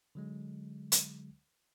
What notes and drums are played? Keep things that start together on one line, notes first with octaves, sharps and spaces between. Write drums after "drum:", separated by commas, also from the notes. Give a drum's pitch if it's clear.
D3 F#3 G#3
drum: hi-hat